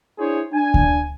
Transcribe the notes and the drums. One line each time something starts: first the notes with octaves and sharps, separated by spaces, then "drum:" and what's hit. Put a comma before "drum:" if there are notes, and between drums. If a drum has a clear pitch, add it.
D4 E4 G#4 C5 C#5
D4 G#5
drum: kick D2